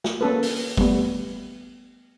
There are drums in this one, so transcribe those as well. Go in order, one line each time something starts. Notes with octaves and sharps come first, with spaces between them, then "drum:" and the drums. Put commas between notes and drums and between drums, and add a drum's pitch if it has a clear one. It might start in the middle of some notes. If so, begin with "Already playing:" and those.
drum: snare
A#3 C#4 A4 B4
drum: open hi-hat
G3 A3 B3, drum: kick